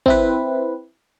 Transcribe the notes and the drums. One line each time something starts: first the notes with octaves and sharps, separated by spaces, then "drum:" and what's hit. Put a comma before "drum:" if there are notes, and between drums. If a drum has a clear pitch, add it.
C4 E4 B4, drum: kick